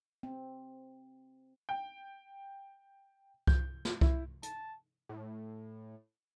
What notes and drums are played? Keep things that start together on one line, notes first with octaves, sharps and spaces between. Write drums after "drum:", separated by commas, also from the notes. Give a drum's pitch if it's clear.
C4
G5
G6, drum: kick C2
drum: snare
E4, drum: kick C2
A5, drum: hi-hat
A2